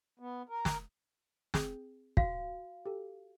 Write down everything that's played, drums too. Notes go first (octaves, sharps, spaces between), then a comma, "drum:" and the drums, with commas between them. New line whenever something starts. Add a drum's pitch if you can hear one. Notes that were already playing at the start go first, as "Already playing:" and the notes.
B3
A#4
drum: snare
C4 G#4 G6, drum: snare
F#4 F5, drum: kick
G4 A4